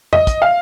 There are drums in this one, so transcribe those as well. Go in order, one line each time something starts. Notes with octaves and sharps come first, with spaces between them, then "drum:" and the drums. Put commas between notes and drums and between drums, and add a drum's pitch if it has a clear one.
D#5, drum: tom F2
drum: kick, hi-hat
F5